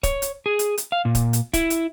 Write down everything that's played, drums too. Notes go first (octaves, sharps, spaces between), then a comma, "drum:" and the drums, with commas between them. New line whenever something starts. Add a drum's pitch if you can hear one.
C#5, drum: kick, hi-hat
drum: hi-hat
G#4
drum: hi-hat
drum: hi-hat
F5
A#2
drum: kick, hi-hat
drum: hi-hat
E4, drum: kick, hi-hat
drum: hi-hat